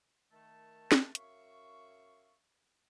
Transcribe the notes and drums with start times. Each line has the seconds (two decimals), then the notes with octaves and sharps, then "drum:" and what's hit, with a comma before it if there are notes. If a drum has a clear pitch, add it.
0.32 D#3 A3 A5
0.92 drum: snare
1.15 F#2 E5 F5 C#6, drum: hi-hat